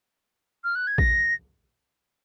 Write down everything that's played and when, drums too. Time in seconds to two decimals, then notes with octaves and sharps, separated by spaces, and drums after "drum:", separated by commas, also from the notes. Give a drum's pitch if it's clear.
0.64 F6
0.75 F#6
0.87 G#6
0.98 A#6, drum: kick A1